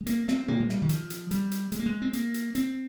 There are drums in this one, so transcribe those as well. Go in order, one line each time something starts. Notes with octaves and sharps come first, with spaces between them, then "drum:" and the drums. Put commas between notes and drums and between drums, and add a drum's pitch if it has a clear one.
G#3
A#3, drum: hi-hat
C4, drum: snare
A#3, drum: tom A#2
G#3
G3, drum: snare
D#3
F3, drum: hi-hat
drum: hi-hat
G3, drum: hi-hat
drum: hi-hat
G#3, drum: hi-hat
A#3
G#3
C4
A#3, drum: hi-hat
drum: hi-hat
C4, drum: hi-hat